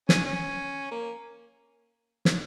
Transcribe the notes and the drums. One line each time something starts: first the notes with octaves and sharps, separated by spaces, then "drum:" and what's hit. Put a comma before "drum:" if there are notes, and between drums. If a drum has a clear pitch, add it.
C#4, drum: snare
C#4
A#3
drum: snare